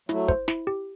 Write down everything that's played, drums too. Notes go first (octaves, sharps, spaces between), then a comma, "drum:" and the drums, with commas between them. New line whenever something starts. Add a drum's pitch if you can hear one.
F#3 A3 E4, drum: hi-hat
C5, drum: kick
E4, drum: snare
G4